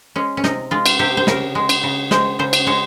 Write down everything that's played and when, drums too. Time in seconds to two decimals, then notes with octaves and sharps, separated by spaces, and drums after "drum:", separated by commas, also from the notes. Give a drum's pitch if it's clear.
0.16 G#3 C#4
0.37 C#4
0.44 C3 D#4, drum: snare
0.71 G#3 F4
0.86 drum: cymbal
0.99 C3 G4
1.17 C5
1.27 C#3 A#4, drum: snare
1.55 G#3
1.69 drum: cymbal
1.83 C#3
2.11 G#3 C5, drum: snare
2.39 C#3 C5
2.53 drum: cymbal
2.67 G#3 C#5